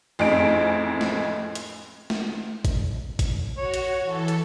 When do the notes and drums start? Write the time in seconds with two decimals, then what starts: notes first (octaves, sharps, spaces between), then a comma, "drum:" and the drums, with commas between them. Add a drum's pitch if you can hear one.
0.19 A1 F2 A2 D#4 G#4 D7
1.01 drum: snare
1.55 drum: hi-hat
2.10 drum: snare
2.65 drum: kick G#1, hi-hat
3.19 drum: kick G#1, hi-hat
3.57 F#4 C#5
3.74 drum: hi-hat
4.01 E3 A4
4.28 drum: hi-hat